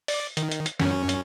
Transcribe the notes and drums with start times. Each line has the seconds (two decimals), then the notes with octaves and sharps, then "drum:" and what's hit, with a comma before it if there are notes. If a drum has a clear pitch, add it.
0.08 D5, drum: open hi-hat
0.37 D#3, drum: hi-hat
0.51 drum: hi-hat
0.66 drum: hi-hat
0.80 F#2 C#4, drum: snare
1.09 drum: hi-hat